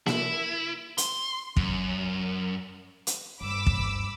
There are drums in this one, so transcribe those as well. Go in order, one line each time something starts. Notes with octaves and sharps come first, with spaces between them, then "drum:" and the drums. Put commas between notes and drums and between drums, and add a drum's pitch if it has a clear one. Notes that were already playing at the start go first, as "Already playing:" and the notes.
E4, drum: snare A#3
C6, drum: hi-hat
F#2, drum: kick
drum: hi-hat
G2 B5 D6 E6
drum: kick